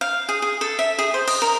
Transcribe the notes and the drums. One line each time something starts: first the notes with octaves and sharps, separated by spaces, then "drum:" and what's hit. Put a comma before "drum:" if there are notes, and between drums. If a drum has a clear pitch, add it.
F5
G#4
G#4
A4
E5
G#4
C5
D#5, drum: cymbal
A#4